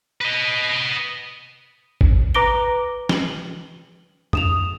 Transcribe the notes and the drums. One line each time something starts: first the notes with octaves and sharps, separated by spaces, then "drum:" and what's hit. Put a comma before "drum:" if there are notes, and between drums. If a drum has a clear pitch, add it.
B4 D#5
drum: kick G#1
B4 A#5 D6 A#6 D7 G7
F#7 G7, drum: snare
D#6 E7 F7, drum: tom F2